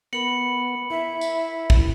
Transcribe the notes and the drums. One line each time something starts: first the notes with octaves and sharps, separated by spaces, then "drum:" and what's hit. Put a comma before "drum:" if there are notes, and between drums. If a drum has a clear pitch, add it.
B3 A#4 B5 C#7 F#7
E4 E5
drum: tambourine
drum: kick